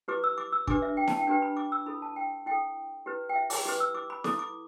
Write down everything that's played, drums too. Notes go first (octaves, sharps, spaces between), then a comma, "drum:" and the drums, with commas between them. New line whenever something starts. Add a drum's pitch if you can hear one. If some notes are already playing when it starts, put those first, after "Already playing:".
E4 G4 B4 D6
E6
D6
E6
D4 G4 B4 D6, drum: kick
E5
G5
A5, drum: snare E4
G5
D4 G4 B4 G5
B5
D6
E6
E4 A4 B5
A5
G5
E4 A4 G5
E4 G4 B4
G5
E5
D6, drum: open hi-hat
E4 G4 B4 D6
E6
D6
B5
E4 A4 D6, drum: snare E4
D6